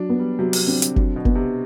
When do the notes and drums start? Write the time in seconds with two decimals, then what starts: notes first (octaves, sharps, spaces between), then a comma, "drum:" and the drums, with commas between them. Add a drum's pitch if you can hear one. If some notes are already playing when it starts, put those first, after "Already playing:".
Already playing: F#3 D4
0.10 B3
0.19 G3
0.39 C3 F#3
0.53 drum: open hi-hat
0.67 D3 C4
0.82 drum: hi-hat
0.96 D3 F#3, drum: kick F#1
1.16 B2
1.25 B3, drum: kick F#1
1.35 C3